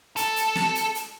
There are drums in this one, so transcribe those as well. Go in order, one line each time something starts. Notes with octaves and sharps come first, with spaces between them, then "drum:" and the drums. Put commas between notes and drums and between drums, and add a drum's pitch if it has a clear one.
A4, drum: hi-hat
drum: hi-hat
drum: snare
drum: hi-hat
drum: hi-hat